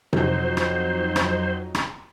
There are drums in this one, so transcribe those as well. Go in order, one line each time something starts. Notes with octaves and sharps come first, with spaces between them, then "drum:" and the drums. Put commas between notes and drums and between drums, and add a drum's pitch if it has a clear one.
F2 F#3 D#4 C5, drum: tom C3
drum: rim click
drum: rim click
drum: rim click